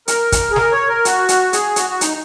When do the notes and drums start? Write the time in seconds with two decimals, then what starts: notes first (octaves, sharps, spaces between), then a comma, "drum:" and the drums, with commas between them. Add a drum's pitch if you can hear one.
0.08 A#4, drum: hi-hat
0.32 drum: kick, hi-hat
0.51 G#4
0.56 A#4, drum: snare
0.72 C#5
0.88 A#4
1.05 F#4, drum: hi-hat
1.29 drum: hi-hat
1.53 G#4, drum: hi-hat
1.76 F#4, drum: hi-hat
1.90 F#4
2.01 D#4, drum: hi-hat